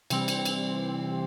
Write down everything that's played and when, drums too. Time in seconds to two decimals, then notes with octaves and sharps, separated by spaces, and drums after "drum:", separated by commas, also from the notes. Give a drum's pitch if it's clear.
0.10 C3 E3 G3 C4, drum: cymbal
0.28 drum: cymbal
0.45 drum: cymbal